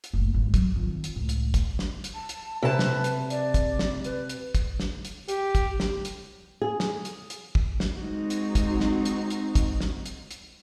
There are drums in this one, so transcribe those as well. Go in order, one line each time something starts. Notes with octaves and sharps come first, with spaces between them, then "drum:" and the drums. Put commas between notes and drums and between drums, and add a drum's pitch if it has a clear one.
drum: hi-hat
F#1 A2
G#1 G2
F#3, drum: kick, hi-hat
F2 D#3
drum: hi-hat
C#2 A2
drum: hi-hat
drum: kick, hi-hat
drum: snare
drum: hi-hat
A5
drum: hi-hat
C3 B4 A5
drum: snare
drum: hi-hat
D5, drum: hi-hat
drum: kick, hi-hat
drum: snare
B4, drum: hi-hat
drum: hi-hat
drum: kick, hi-hat
drum: snare
drum: hi-hat
G4, drum: hi-hat
drum: kick, hi-hat
drum: snare
drum: hi-hat
G#4
drum: snare
drum: hi-hat
drum: hi-hat
drum: kick
drum: snare
G#3 C4 D#4 F#4
drum: hi-hat
drum: kick, hi-hat
drum: snare
drum: hi-hat
drum: hi-hat
drum: kick, hi-hat
drum: snare
drum: hi-hat
drum: hi-hat